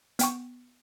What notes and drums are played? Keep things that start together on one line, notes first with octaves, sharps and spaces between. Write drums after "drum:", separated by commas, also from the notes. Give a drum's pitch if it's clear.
B3 G5 C#6, drum: hi-hat